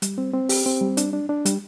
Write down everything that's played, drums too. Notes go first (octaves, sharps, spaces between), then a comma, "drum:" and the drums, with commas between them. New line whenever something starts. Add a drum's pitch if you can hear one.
G3, drum: hi-hat
C4
C4
G4, drum: open hi-hat
C4
G3
D4, drum: hi-hat
D4
D4
G3, drum: hi-hat